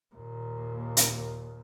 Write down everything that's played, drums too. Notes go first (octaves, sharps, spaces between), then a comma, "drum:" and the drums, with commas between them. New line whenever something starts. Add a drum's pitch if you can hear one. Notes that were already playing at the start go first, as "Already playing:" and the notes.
D#2 A#2
drum: hi-hat